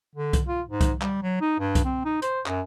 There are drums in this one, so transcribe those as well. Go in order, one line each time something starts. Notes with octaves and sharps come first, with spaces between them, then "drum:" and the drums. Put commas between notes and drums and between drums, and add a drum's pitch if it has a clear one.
D3
drum: kick C2, hi-hat
F4
G#2
drum: kick C2, hi-hat
G3, drum: clap
F#3
D#4
G2
drum: kick C2, hi-hat
C4
D#4
C5, drum: hi-hat
F#2, drum: clap